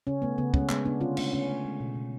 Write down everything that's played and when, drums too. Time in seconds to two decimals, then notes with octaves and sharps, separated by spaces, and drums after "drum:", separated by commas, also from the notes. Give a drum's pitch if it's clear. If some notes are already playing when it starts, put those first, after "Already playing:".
0.07 C#3 C#4
0.22 A3 B3
0.38 C#3 B3
0.54 G#3 C#4, drum: kick
0.69 G#3 B3, drum: clap
0.85 C#3 B3 D4
1.00 D3 C#4 F4
1.17 A3 C#4, drum: cymbal
1.33 C#3 C#4
1.48 A3
1.64 G#3
1.80 B2
1.95 B2